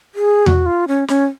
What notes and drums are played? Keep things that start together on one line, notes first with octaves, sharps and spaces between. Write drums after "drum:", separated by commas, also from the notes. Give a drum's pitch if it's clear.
G#4
F#4, drum: tom E2
F4
C#4
C#4, drum: snare